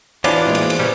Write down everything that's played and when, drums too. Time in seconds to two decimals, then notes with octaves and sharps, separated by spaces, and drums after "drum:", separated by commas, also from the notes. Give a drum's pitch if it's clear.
0.24 E2 E3 F#3 D4 E4 F4, drum: cymbal
0.46 G#3 A#3 C4
0.55 drum: cymbal
0.70 drum: cymbal
0.79 C#3 G3 B3